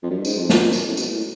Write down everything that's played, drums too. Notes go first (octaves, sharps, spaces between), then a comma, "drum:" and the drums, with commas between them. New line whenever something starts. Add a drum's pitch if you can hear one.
F2
F#2
G2
G#2, drum: tambourine
F2
F#2, drum: snare
F2
F#2, drum: tambourine
A2
B2, drum: tambourine
A2